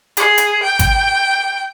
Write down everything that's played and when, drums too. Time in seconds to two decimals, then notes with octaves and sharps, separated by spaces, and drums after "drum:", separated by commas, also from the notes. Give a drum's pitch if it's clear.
0.17 G#4, drum: hi-hat
0.38 drum: hi-hat
0.63 G5
0.79 drum: kick G#1, hi-hat